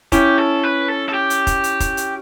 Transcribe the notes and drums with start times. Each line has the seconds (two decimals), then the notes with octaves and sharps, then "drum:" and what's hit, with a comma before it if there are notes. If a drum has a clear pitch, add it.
0.12 C#4 E4 G4, drum: kick F1, hi-hat
0.38 A4
0.63 B4
0.88 A4
1.09 A4
1.14 G4
1.30 drum: hi-hat
1.47 drum: kick F1, hi-hat
1.64 drum: hi-hat
1.80 drum: kick F1, hi-hat
1.97 drum: hi-hat